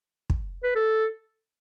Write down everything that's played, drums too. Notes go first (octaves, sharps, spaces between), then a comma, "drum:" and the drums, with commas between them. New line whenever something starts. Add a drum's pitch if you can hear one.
drum: kick
B4
A4